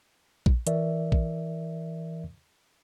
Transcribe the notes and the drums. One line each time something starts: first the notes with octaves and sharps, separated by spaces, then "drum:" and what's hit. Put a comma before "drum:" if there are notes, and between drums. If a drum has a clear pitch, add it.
drum: kick A#1
E3 A#4 D5 E5, drum: hi-hat
drum: kick A#1